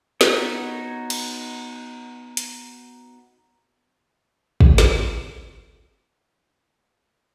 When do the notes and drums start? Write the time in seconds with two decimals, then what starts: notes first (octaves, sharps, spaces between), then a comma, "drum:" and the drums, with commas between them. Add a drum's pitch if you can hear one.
0.21 B3 D#4 F#4 C#5, drum: snare
1.10 drum: cymbal
2.37 drum: hi-hat
4.61 drum: kick
4.78 drum: snare